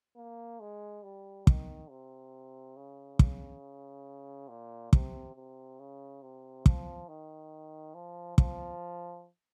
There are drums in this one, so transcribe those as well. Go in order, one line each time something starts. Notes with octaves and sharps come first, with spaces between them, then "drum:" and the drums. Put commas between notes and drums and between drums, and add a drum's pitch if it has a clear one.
A#3
G#3
G3
D#3, drum: kick
C3
C#3
drum: kick
A#2
C3, drum: kick
C3
C#3
C3
F3, drum: kick
D#3
F3
F3, drum: kick